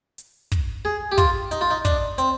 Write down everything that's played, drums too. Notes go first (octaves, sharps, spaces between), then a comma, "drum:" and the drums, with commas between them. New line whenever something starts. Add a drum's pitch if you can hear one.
drum: hi-hat
drum: kick, hi-hat
G#4
G4
F4, drum: kick, hi-hat
D#4, drum: hi-hat
F4
D#4
D4, drum: kick, hi-hat
C4, drum: hi-hat